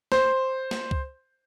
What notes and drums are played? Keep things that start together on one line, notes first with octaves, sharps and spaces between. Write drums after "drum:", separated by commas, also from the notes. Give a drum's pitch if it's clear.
C5, drum: snare
drum: snare
drum: kick C#2